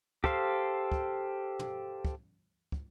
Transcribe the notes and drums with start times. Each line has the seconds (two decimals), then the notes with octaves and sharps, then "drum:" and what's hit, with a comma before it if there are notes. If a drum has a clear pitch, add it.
0.24 G4 A4 C5 F5, drum: kick
0.92 drum: kick
1.59 drum: tom
2.05 drum: kick
2.72 drum: kick